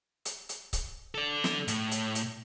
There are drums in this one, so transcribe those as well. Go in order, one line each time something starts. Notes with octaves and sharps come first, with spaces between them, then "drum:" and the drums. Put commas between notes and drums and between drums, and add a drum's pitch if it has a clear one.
drum: hi-hat
drum: hi-hat
drum: kick C#1, hi-hat
A4 D5
drum: snare
A2, drum: hi-hat
drum: hi-hat
drum: hi-hat